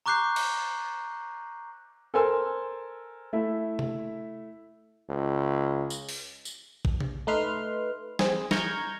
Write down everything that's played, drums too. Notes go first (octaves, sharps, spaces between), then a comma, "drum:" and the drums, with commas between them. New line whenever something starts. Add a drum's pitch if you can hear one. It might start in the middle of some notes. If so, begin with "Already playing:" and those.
A#5 C#6 D6 F#6 G6 C7
drum: cymbal
A4 A#4 C5 G#5 C6 E6
A3 E4 E5
drum: tom C3
C#2
drum: tambourine
drum: open hi-hat
drum: tambourine
drum: kick
drum: tom C3
A3 D#4 B4 C6 F6
C4 G#4, drum: snare
A#5 C#6 F6 G6 G#6, drum: snare